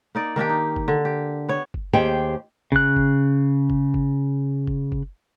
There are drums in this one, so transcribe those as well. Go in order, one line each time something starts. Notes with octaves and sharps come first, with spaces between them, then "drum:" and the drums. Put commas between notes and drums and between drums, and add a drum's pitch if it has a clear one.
A#3 D#4 D5
D#3 A#3 D4 G4
D#4
drum: kick F#1
D3
G4
B3 C#5
drum: kick F#1
D#2 G4 G#4 C5 G5
C#3 F#6, drum: kick F#1
drum: kick F#1
drum: kick F#1
drum: kick F#1
drum: kick F#1
drum: kick F#1